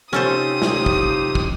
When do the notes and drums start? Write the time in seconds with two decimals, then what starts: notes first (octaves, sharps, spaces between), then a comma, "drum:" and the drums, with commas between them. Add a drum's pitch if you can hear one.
0.13 C3 C#4 D#4 F4 G4 A4 C5 D#6
0.62 drum: snare
0.86 drum: kick
1.35 drum: kick